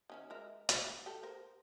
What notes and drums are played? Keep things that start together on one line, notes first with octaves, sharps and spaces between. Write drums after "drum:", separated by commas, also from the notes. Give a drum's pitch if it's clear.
D#3 C#4 E4
G#3 A#4 E5
E4, drum: hi-hat
G4 A4
A#4 C5